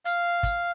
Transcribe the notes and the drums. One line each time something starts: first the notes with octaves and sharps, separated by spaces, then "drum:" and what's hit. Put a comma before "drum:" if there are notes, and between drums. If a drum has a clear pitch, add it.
F5, drum: hi-hat
drum: kick, hi-hat